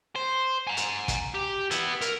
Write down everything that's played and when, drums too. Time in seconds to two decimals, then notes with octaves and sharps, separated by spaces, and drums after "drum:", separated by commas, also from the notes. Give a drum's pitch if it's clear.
0.16 C5
0.67 G#5 A#5
0.77 drum: hi-hat
1.08 drum: kick, hi-hat
1.35 G4
1.71 B3 E4, drum: hi-hat
2.01 A#4, drum: hi-hat